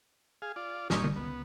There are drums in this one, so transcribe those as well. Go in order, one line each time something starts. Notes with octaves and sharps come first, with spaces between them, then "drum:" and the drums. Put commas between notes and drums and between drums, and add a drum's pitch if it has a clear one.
G#4 F5
F4 D5
G1 A#2 G3 C#4 D#4, drum: snare
drum: tom D3
C#2 B3